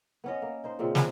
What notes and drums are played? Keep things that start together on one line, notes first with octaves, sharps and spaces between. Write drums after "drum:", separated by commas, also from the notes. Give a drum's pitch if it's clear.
B3 C#4 D#5
A#3
D#4 C5
A#2 C#3 C4
G4 A#4 C5, drum: snare